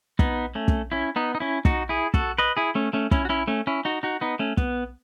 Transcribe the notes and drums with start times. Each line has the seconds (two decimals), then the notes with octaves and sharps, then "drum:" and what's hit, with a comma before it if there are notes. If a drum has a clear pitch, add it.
0.19 B3 D#4, drum: kick
0.55 A3 C#4
0.68 drum: kick
0.92 C#4 E4
1.16 B3 D#4
1.35 D#4
1.40 C#4 E4
1.65 D#4 F#4, drum: kick
1.89 E4 G#4
2.14 F#4 A4, drum: kick
2.38 B4 D#5
2.57 E4 G#4
2.75 A3 C#4
2.93 A3 C#4
3.11 C#4 E4, drum: kick
3.25 F#4
3.29 C#4 E4
3.47 A3 C#4
3.67 C#4 E4
3.85 D#4 F#4
4.03 D#4 F#4
4.21 B3 D#4
4.39 A3 C#4
4.57 B3, drum: kick